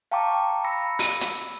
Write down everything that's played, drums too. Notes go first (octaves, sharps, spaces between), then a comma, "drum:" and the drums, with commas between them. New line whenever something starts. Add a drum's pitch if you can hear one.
F5 G5 A5 A#5 C#6 D6
B5 E6 A#6 C#7
drum: open hi-hat
drum: hi-hat